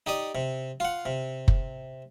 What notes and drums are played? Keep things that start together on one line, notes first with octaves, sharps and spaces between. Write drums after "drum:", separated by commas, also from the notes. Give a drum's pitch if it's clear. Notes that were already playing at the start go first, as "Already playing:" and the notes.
D#4 G4 D5 D#6
C3
F4 F#5
C3
drum: kick F#1